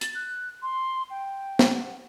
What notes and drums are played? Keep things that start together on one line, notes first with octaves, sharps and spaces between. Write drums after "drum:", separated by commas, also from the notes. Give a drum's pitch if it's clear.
A6, drum: hi-hat
F#6
C6
G5
drum: snare
F#5